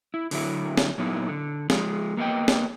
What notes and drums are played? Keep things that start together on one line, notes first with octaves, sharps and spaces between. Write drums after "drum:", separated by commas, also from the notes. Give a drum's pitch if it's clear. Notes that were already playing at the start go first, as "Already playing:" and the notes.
E4
D3 F#3 E4, drum: open hi-hat
drum: snare
A#2 F#3 B3 D#4 E4
D3
F3 G#3, drum: snare
A#3 B3 F#4 D#5 G5
drum: snare